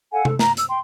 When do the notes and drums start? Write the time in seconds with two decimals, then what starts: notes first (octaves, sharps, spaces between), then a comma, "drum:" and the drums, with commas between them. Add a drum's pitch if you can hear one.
0.12 A4 F5 F#5 G#5
0.25 A4, drum: tom C3
0.39 A#5, drum: snare
0.57 E6, drum: hi-hat
0.69 G5 C6